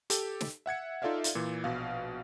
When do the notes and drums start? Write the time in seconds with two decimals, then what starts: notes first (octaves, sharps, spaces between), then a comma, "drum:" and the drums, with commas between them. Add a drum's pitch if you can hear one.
0.10 G4 A4, drum: hi-hat
0.41 drum: snare
0.66 E5 F#5 G#6 C#7
1.02 D#4 F4 A4 D5 E5 F5
1.24 drum: hi-hat
1.35 A#2 E3
1.64 A#1 B2 F5